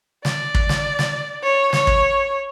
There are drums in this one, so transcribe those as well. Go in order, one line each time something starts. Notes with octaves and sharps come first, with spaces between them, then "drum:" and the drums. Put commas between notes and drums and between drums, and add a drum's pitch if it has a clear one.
D5, drum: snare
drum: kick
drum: snare
drum: snare
C#5
C#5, drum: snare
drum: kick